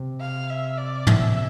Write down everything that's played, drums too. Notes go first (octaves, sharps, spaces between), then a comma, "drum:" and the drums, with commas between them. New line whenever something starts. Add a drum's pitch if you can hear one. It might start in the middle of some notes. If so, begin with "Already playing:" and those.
Already playing: C3
F5
E5
D5
E5, drum: tom